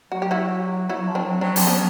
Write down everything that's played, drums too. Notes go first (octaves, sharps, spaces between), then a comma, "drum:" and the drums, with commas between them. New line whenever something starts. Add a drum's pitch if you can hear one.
F#3 F#4
G4
E4 F#4
F#3 E4 F#4
F3
F#3 C4 D4
F#3 C4 D4
F3 C4, drum: open hi-hat
F#3 B3 C#4